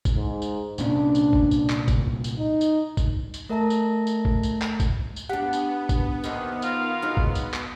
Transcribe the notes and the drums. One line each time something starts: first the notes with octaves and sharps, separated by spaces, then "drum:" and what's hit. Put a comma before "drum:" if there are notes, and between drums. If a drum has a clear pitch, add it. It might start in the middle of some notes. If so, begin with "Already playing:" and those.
drum: kick, tambourine
G#2
drum: tambourine
C2 A#2 C#4 D4, drum: tambourine
drum: tambourine
drum: kick
drum: tambourine
drum: clap
drum: kick, tambourine
drum: tambourine
D#4
drum: tambourine
drum: kick, tambourine
drum: tambourine
A3 A#4 E5 A5 A#5 A#6
drum: tambourine
drum: tambourine
drum: kick
drum: tambourine
drum: clap
drum: kick, tambourine
drum: tambourine
B3 D4 G4 F#5
drum: tambourine
drum: kick, tambourine
D#2 C3 D#3 D#4, drum: tambourine
F4 A#4 F5, drum: tambourine
F#3 G#3 D#4
drum: kick
drum: tambourine
drum: clap